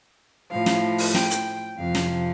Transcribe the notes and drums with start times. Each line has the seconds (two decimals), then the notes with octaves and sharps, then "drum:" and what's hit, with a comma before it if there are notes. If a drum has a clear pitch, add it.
0.50 A2 F3 F5
0.66 drum: snare
0.98 drum: open hi-hat
1.14 G5, drum: snare
1.30 drum: hi-hat
1.78 F2 C3 F3 F5
1.95 drum: snare